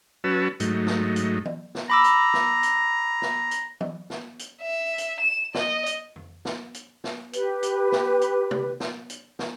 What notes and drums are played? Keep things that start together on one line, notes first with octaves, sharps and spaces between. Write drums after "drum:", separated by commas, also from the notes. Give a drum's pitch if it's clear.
F#3 C#4 F#4 B4 A5 E6
G#2 F#3 A3 D#4, drum: hi-hat
drum: snare
drum: hi-hat
drum: tom
drum: snare
A#5 B5 D6 E6
drum: hi-hat
drum: snare
drum: hi-hat
drum: snare
drum: hi-hat
drum: tom
drum: snare
drum: hi-hat
E5
drum: hi-hat
E7
D#5, drum: snare
drum: hi-hat
drum: tom F2
drum: snare
drum: hi-hat
drum: snare
G4 B4, drum: hi-hat
drum: hi-hat
drum: snare
drum: hi-hat
drum: tom C3
drum: snare
drum: hi-hat
drum: snare